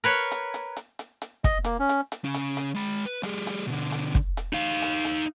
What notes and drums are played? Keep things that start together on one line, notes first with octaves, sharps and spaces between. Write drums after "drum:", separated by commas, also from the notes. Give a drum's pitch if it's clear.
A#4 B4 C#5
drum: hi-hat
drum: hi-hat
drum: hi-hat
drum: hi-hat
drum: hi-hat
D#5, drum: kick, hi-hat
A#3, drum: hi-hat
C#4
drum: hi-hat
drum: hi-hat
C#3 C#4
drum: hi-hat
drum: hi-hat
G#3 B5
B4
G3 G#4, drum: hi-hat
drum: hi-hat
B2 D3
drum: hi-hat
drum: kick
drum: hi-hat
D#4 F5
drum: hi-hat
drum: hi-hat